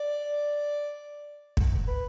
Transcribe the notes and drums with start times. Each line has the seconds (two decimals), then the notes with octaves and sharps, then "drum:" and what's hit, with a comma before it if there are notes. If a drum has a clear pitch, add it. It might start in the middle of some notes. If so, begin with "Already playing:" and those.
Already playing: D5
1.57 drum: kick
1.88 B4